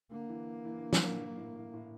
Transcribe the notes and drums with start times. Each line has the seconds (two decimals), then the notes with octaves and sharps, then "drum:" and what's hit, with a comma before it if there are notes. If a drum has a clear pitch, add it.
0.11 D3 A#3
0.29 E3
0.65 E3
0.79 D3
0.93 D3, drum: snare
1.06 A#2
1.19 G2
1.37 A2
1.55 A2
1.74 A2